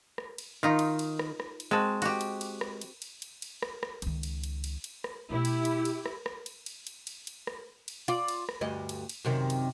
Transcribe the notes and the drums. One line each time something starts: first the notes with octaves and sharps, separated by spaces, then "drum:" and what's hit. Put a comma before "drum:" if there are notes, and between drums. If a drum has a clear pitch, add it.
drum: rim click
drum: cymbal
D#3 D#4 F4
drum: cymbal
drum: cymbal
drum: rim click
drum: rim click
drum: cymbal
G#3 C4 F#4 A5
F#4 G4, drum: cymbal
drum: cymbal
drum: cymbal
drum: rim click
drum: cymbal
drum: cymbal
drum: cymbal
drum: cymbal
drum: rim click
drum: rim click
C#2 D#3, drum: cymbal
drum: cymbal
drum: cymbal
drum: cymbal
drum: cymbal
drum: rim click
B2 A3 E4 G4
drum: cymbal
drum: cymbal
drum: cymbal
drum: rim click
drum: rim click
drum: cymbal
drum: cymbal
drum: cymbal
drum: cymbal
drum: cymbal
drum: rim click
drum: cymbal
F4 D5, drum: cymbal
drum: cymbal
drum: rim click
D2 G2 D#5
drum: cymbal
drum: cymbal
F#2 C3 D#3
drum: cymbal